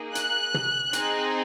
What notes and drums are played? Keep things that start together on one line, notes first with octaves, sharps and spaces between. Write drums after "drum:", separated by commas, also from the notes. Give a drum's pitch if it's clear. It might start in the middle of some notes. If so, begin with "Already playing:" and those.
Already playing: A#3 D#4 G#4
F#6, drum: hi-hat
drum: tom
C4 D#4 G#4, drum: hi-hat